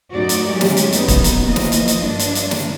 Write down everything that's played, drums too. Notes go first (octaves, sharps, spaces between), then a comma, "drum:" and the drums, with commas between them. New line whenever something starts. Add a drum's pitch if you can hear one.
F#2 A2 D#4 F#4 D5
drum: hi-hat
F#3 G#3 C#4 G4
drum: snare
drum: hi-hat
F#2 B3 D#4, drum: hi-hat
drum: kick, hi-hat
drum: hi-hat
E3 F3 A#3 D#5
drum: snare
drum: hi-hat
drum: hi-hat
G2 D4
drum: hi-hat
drum: hi-hat
drum: snare